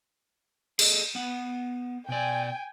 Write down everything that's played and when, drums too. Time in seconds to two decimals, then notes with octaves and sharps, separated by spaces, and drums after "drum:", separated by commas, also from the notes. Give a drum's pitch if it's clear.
0.79 G#4 A4 D#5, drum: cymbal
1.15 B3 F#5
2.09 B2 D5 G5 G#5